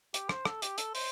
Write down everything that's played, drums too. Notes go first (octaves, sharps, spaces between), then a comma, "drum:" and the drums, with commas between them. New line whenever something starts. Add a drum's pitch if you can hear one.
G4, drum: hi-hat
C5, drum: rim click
A4, drum: rim click
G4, drum: hi-hat
A4, drum: hi-hat
C5, drum: open hi-hat